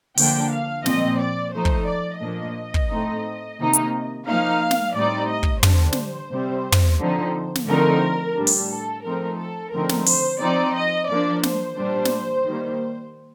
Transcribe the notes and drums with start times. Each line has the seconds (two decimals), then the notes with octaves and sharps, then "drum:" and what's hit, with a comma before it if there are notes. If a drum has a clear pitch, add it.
0.17 D3 F3 A#3 D4 G5, drum: open hi-hat
0.52 F5
0.86 A#2 F3 C4 D#5, drum: snare
1.19 D5
1.53 F3 A3 D#4 C5
1.65 drum: kick
1.87 D5
2.22 A#2 F3 A#3 D4 D#5
2.74 drum: kick
2.90 A2 A3 C4 D#4
3.59 C3 D#3 A#3 D#4
3.73 drum: hi-hat
4.27 F3 A#3 D#4 F5
4.71 drum: snare
4.95 A2 G3 C4 D#4 D5
5.29 D#5
5.43 drum: kick
5.63 D3 G3 D4 C5, drum: tom
5.93 drum: snare
6.31 C3 G3 C4
6.72 drum: tom
7.00 D3 F3 C4 D#4
7.55 drum: snare
7.68 D3 F3 A3 C4 D#4 A#4
8.37 A2 G3 D4
8.47 drum: open hi-hat
8.70 A4
9.05 F3 A3 C4 D#4 A#4
9.39 A4
9.72 D3 F3 A3 C4 D#4 A#4
9.89 drum: snare
10.06 C5, drum: open hi-hat
10.41 F3 C4 D#4 D5
10.75 D#5
11.09 F3 A#3 D4 D5
11.43 C5, drum: snare
11.77 A#2 G3 D4
12.05 drum: snare
12.46 D#3 G3 A#3